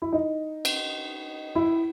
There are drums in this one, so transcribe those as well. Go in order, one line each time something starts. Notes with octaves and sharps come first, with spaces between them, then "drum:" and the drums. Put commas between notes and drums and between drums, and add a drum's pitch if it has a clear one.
E4
D#4
drum: cymbal
E4